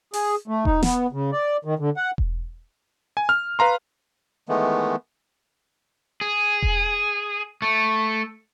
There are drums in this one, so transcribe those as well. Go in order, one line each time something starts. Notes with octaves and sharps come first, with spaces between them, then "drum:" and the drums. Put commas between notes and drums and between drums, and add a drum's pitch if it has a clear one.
G#4, drum: open hi-hat
A3
D#4, drum: kick E1
B3, drum: snare
C#3
D5
D#3
D3
F#5
drum: kick E1
G#5
F6
B4 F5 A#5 C6
D#3 E3 G#3 A3 B3
G#4
drum: kick E1
A3